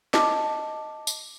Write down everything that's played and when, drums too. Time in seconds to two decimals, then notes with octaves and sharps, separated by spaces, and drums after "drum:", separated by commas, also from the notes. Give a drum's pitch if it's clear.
0.14 D#5 A5 D6, drum: snare
1.07 drum: tambourine